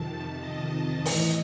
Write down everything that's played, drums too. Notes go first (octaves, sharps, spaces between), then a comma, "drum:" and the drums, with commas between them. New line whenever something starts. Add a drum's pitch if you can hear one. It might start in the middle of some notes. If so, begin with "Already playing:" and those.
Already playing: F2 C3 D#3 A5
D#5
A2 E3 D#5, drum: open hi-hat